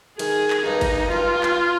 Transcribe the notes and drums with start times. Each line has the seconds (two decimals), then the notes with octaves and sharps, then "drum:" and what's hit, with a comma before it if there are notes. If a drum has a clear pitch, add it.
0.19 D#3 G#4, drum: cymbal
0.50 drum: clap
0.66 G2 D#4
0.81 drum: kick G1, cymbal
1.12 G2 F4
1.43 drum: clap